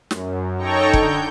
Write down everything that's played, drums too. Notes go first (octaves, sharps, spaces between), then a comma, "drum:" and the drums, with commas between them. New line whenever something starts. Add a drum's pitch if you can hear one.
F#2, drum: snare
D#4 A4 C#5 G5 A#5 C#6
D3 G6, drum: kick